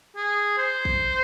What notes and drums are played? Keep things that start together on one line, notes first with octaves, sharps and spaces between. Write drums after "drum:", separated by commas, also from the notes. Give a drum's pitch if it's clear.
G#4
C5
drum: kick